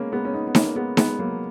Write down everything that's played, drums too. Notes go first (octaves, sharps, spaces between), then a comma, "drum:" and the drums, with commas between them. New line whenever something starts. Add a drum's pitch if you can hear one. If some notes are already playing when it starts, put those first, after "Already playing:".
Already playing: G#3 A#3 B3 C#4
G#3 B3
C#4
B3 D#4
B3
A#3 C#4, drum: snare D#4
G#3 B3
G#3 B3, drum: snare D#4
F#3 A#3